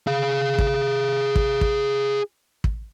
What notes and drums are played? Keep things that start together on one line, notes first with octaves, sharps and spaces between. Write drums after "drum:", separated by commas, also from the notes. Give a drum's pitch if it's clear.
G#4 F5
drum: kick
drum: kick
drum: kick
drum: kick